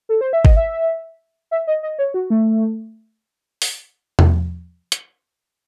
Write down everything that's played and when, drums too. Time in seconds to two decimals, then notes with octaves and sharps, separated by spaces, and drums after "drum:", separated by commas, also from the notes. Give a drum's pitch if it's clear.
0.09 A4
0.21 C5
0.33 E5
0.45 D#5, drum: kick
0.56 E5
1.51 E5
1.67 D#5
1.83 D#5
1.99 C#5
2.14 F#4
2.30 A3
3.62 drum: open hi-hat
4.19 drum: tom E2
4.92 drum: hi-hat